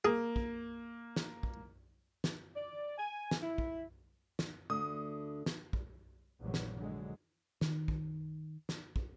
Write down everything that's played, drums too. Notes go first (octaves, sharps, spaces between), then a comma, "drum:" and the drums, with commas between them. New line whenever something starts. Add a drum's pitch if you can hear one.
A#3 G#4
drum: kick
drum: snare
drum: kick
drum: snare
D5
G#5
drum: snare
E4
drum: kick
drum: snare
D2 D3 D#6
drum: snare
drum: kick
A#1 E2 G2 C3 F#3
drum: snare
A#1 D3 F#3 G#3
D#3, drum: snare
drum: kick
drum: snare
drum: kick